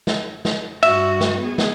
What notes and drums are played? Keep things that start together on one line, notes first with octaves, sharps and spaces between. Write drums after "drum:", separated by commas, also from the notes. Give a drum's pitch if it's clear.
drum: snare
drum: snare
G2 F#4 E5, drum: cymbal
drum: snare
B3 G#4
drum: snare